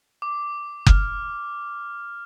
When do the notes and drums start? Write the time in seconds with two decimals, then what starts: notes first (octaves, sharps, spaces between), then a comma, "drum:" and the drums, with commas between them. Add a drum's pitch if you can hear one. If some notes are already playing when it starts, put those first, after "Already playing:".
0.22 D6
0.86 F6, drum: kick F#1